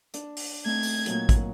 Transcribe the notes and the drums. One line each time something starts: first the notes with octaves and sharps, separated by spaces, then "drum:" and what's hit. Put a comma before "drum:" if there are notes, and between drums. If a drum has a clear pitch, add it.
D4, drum: hi-hat
drum: open hi-hat
A3 C4 D#4 G#6
drum: open hi-hat
A#2 F#3, drum: hi-hat
drum: kick A1, hi-hat